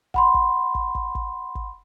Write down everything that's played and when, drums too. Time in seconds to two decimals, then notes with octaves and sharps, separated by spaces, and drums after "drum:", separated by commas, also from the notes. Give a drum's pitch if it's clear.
0.14 F#5 B5 C6, drum: kick
0.34 drum: kick
0.75 drum: kick
0.95 drum: kick
1.15 drum: kick
1.55 drum: kick